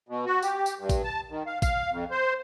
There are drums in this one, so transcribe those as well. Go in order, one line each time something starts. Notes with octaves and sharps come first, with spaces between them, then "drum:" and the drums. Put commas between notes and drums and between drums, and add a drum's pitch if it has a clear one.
B2
F#4
G4, drum: tambourine
drum: tambourine
G2
drum: kick A1, tambourine
A5
D#3
F5
F5, drum: kick A1, tambourine
F2
C5